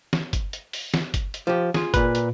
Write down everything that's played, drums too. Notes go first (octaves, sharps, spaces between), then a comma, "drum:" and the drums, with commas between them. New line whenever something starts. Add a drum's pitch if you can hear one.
drum: snare
drum: kick G1, hi-hat
drum: hi-hat
drum: open hi-hat
drum: snare
drum: kick G1, hi-hat
drum: hi-hat
F3 G4
F4 G#4, drum: snare
A#2 B4, drum: kick G1, hi-hat
drum: hi-hat